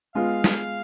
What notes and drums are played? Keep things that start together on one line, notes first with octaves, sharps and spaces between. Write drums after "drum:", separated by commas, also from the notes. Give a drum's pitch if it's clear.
G#3 B3 F4 F5
drum: snare